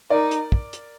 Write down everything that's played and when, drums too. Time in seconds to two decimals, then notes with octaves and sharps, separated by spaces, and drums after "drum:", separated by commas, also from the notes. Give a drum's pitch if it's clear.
0.10 D#4 A#4 D5
0.31 drum: hi-hat
0.52 drum: kick
0.73 drum: hi-hat